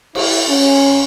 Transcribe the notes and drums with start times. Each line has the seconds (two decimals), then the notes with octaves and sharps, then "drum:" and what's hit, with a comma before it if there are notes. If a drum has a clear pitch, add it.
0.15 E4, drum: cymbal
0.48 C#4